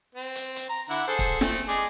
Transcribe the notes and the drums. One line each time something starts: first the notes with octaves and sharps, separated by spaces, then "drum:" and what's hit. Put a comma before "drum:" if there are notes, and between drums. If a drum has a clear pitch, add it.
C4
drum: hi-hat
drum: hi-hat
A#5
D3 E4 F#5
G#4 A4 C5
drum: kick, hi-hat
A3 C4, drum: snare
G#3 G#4 D5